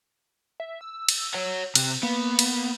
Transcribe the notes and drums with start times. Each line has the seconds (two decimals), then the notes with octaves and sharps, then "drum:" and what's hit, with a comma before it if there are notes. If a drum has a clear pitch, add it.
0.60 E5
0.81 E6
1.09 drum: cymbal
1.34 C#5 F#5
1.75 C3 F#6, drum: cymbal
2.03 A#3 B3
2.39 drum: cymbal